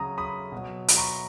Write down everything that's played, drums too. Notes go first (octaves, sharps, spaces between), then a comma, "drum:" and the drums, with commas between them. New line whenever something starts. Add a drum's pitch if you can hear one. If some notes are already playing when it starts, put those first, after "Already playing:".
Already playing: C#3 F#3 A#5 D#6
B5 D#6
B2 F#3
B5, drum: hi-hat
A#5 C#6